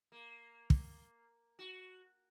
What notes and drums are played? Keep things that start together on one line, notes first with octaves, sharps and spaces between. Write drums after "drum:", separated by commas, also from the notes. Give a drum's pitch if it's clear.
A#3
drum: kick
F#4